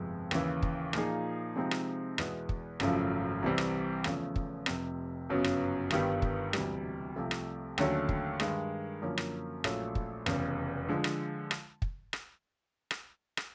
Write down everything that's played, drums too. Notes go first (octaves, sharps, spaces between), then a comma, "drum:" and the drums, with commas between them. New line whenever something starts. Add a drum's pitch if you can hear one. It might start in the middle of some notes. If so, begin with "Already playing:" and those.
Already playing: G1 F2 C3 F3 G#3
D#2 C#3 E3, drum: rim click
drum: kick
A#2 F3 A#3 D#4 G#4, drum: rim click
C3 F3 G#3 C4 D#4
drum: rim click
E2 B2 G#3 B3 E4, drum: rim click
drum: kick
G#1 F#2 C#3 F3 A3, drum: rim click
C2 C3 E3 G3 C4
drum: rim click
E2 C#3 F3 A3, drum: rim click
drum: kick
F1 F2 C3, drum: rim click
G1 F#2 C#3 F#3 B3
drum: rim click
G1 G2 D#3 G3 B3, drum: rim click
drum: kick
E1 D2 C3 E3 G3, drum: rim click
C2 C3 F3 A3
drum: rim click
D#2 D3 F#3 A3 C#4, drum: rim click
drum: kick
G2 D#3 G#3, drum: rim click
F#2 D3 F3 A#3 C#4
drum: rim click
A#1 A#2 F#3 A3 C#4, drum: rim click
drum: kick
F1 E2 C#3, drum: rim click
D3 F3 G#3
drum: rim click
drum: rim click
drum: kick
drum: rim click
drum: rim click
drum: rim click